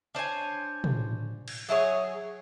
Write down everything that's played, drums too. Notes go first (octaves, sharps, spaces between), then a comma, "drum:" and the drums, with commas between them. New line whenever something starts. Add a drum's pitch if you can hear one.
D4 C5 C#5 G#5
drum: tom
drum: cymbal
F#3 E4 G#4 C#5